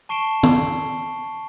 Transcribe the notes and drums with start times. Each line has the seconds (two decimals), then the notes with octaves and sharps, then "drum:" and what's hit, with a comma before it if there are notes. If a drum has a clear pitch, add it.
0.09 A5 C#6 C7 D7 E7 G7
0.43 drum: tom